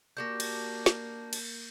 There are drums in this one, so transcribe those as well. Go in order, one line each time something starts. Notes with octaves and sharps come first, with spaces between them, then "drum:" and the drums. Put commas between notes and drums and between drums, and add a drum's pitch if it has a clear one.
A#3 D4 F#4 G4 G6 A#6
drum: cymbal
drum: snare
drum: cymbal